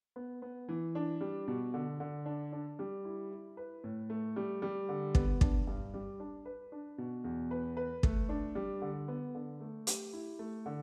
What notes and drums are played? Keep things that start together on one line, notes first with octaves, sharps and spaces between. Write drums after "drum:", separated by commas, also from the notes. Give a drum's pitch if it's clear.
B3
B3
E3
D4
G3
B2
D3
D3
D4
D4
G3
E4
E4
B4
A2
A3
G3
G3
D3
B3, drum: kick
D4, drum: kick
G2
G3
D4
B4
D4
B2
E2
B4
B4
A3, drum: kick
D4
G3
D3
B3
D3
A3
G4, drum: hi-hat
E4
A3
D3